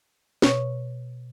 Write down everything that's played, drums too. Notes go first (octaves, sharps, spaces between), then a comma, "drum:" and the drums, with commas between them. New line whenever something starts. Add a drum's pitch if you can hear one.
B2 C#5 C#6, drum: snare